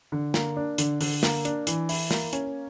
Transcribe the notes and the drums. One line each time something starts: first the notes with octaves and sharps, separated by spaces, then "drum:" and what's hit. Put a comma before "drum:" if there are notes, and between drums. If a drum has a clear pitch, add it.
D3
A#3, drum: snare
D4
D3, drum: hi-hat
D3, drum: open hi-hat
A#3, drum: snare
D4, drum: hi-hat
E3, drum: hi-hat
E4, drum: open hi-hat
A#3, drum: snare
C#4, drum: hi-hat